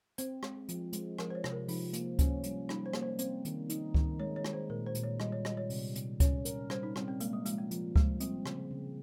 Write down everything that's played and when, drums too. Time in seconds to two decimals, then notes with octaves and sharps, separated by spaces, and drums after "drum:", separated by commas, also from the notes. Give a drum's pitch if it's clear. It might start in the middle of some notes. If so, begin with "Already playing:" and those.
0.18 C4 C5, drum: hi-hat
0.43 G#3, drum: rim click
0.69 F3, drum: hi-hat
0.93 G#3, drum: hi-hat
1.19 F3 A#4, drum: rim click
1.30 C5
1.35 C#5
1.44 C3, drum: rim click
1.52 A#4
1.68 F3 D#4, drum: open hi-hat
1.93 A#3, drum: hi-hat
2.19 C#4, drum: kick C#2, hi-hat
2.44 G3, drum: hi-hat
2.69 G3 D#4, drum: rim click
2.86 C5
2.94 A#3, drum: rim click
3.03 C5
3.19 C4 C5, drum: hi-hat
3.45 D#3, drum: hi-hat
3.70 D#4, drum: hi-hat
3.94 D#3, drum: kick C#2
4.20 G#3 C#5
4.36 C#5
4.45 G#3, drum: rim click
4.53 C5
4.70 A#2 A#4
4.86 C5
4.95 A#2, drum: hi-hat
5.03 C#5
5.20 G3 D#5, drum: rim click
5.32 C#5
5.45 G3 D#5, drum: rim click
5.57 C#5
5.70 C3, drum: open hi-hat
5.96 C3, drum: hi-hat
6.20 C#4 C#5, drum: kick C#2, hi-hat
6.45 A#4, drum: hi-hat
6.70 G3 C5, drum: rim click
6.83 D#4
6.96 G3 C4, drum: rim click
7.08 C4
7.20 G#3 A#3, drum: hi-hat
7.33 G3
7.46 F3 G#3, drum: hi-hat
7.58 A#3
7.71 F3, drum: hi-hat
7.96 F3 G#3, drum: kick C#2
8.20 G3 C4, drum: hi-hat
8.46 C#3, drum: rim click
8.71 C#3